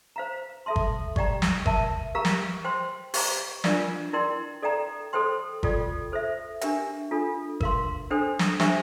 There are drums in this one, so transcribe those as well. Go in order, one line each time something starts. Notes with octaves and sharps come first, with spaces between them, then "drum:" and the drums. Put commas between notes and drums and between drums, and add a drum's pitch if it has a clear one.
C5 F5 A#5
A4 E5 A5 C6
drum: kick G1
G4 D5 G5 A#5, drum: kick G1
drum: snare
A#4 E5 A5, drum: kick G1
G4 A#4 F5 A#5
drum: snare
C5 G5 C6
G4 C5 F5 A#5, drum: open hi-hat
D4 F4 A#4 D5 F5, drum: snare
E4 A#4 D5 G5 C6
A4 D5 G5 A#5
A4 C5 G5 C6
F4 A4 D5 G5, drum: kick G1
A4 C5 E5
D4 G4 A#4 E5 G5, drum: hi-hat
D4 F4 A4
A#4 F5 C6, drum: kick G1
D4 A4 C5 G5
drum: snare
D4 G4 C5 E5 G5, drum: snare